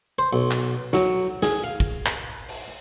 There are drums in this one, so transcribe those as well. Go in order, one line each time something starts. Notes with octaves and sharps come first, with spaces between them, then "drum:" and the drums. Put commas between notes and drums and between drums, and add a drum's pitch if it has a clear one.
C5
B1
drum: clap
F#3, drum: snare
G#4, drum: snare
F5
drum: kick
drum: clap
drum: open hi-hat